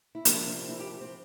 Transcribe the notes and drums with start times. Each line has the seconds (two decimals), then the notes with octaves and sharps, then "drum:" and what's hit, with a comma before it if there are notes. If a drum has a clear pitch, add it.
0.15 E4
0.25 C3 F3 A#3 D4, drum: hi-hat
0.47 C4
0.69 E4
0.79 G4
0.91 G4
1.01 C4